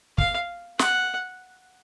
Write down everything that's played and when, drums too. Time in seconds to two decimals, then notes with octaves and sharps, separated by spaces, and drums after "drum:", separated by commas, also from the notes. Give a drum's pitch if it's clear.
0.18 F5, drum: kick
0.79 F#5, drum: snare